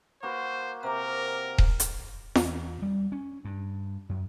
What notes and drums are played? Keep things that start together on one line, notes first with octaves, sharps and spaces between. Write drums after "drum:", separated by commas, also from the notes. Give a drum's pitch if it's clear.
A#3 F#4 B4 C5
C3 A#4 A#5 D6
drum: kick D#1
drum: hi-hat
E2, drum: snare
G3
C#4
G2
F#2